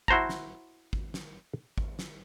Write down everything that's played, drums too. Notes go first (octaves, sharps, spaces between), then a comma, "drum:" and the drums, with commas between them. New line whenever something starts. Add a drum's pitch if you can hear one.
E4 F#4 C5 A5 A#5, drum: kick
drum: snare
drum: kick
drum: snare
drum: kick
drum: snare